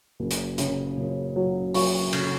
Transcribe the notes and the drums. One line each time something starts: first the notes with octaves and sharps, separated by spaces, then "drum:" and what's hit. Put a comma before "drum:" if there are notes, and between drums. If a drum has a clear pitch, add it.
F#1
drum: hi-hat
C#3, drum: hi-hat
F#1
F#3
F#3 C#6, drum: open hi-hat
C#3, drum: cymbal